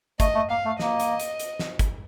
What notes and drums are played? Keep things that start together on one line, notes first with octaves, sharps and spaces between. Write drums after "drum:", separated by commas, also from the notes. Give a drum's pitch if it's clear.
A3 D#5, drum: kick, hi-hat
A3
A#3 F5
A3
A#3 D#5, drum: snare
drum: hi-hat
drum: hi-hat
drum: hi-hat
drum: snare
drum: kick, hi-hat